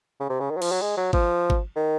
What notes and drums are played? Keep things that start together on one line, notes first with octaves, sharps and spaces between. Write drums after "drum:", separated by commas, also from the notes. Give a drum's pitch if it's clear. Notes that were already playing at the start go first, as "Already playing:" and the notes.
C#3
C3
C#3
D#3
F#3
F3, drum: cymbal
F#3
G#3
F#3
F3, drum: kick G#1
drum: kick G#1
D#3